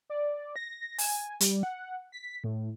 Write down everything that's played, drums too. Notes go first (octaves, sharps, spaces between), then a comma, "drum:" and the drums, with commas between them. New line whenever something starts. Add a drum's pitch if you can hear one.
D5
A#6
G#5, drum: open hi-hat
G3, drum: hi-hat
F#5
B6
A2